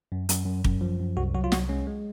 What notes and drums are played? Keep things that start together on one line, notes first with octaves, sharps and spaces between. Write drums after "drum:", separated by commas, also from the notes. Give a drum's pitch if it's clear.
F#2
F#2, drum: hi-hat
F#2
F#2, drum: kick
F3
F#2
C2 F#4
F#3 F#4
F4
C2 F#4, drum: snare
G#3 C#4
G#3